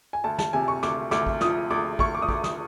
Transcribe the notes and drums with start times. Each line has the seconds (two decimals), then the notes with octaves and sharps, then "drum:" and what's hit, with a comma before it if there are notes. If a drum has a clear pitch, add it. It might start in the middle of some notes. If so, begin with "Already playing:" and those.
0.13 G#5
0.24 D2 A5
0.38 A5, drum: snare
0.53 C3 G#5
0.68 C#6
0.83 D2 D6, drum: snare
1.11 D2 D6, drum: snare
1.27 drum: kick A1
1.41 F3 D#6, drum: snare
1.70 D2 D6
1.99 D2 C#6, drum: kick A1
2.15 D6
2.22 D#6
2.29 D2 D6, drum: kick A1
2.44 D#6, drum: snare